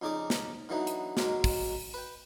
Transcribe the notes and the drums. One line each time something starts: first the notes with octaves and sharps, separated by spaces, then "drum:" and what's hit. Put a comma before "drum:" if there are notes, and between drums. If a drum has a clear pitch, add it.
F2 C#3 D#4 G#4 D5 D6
drum: snare
D3 E3 F#3 B3 D#4
drum: hi-hat
B2 F#3 G#3 A#3, drum: snare
drum: kick, open hi-hat
B4 G5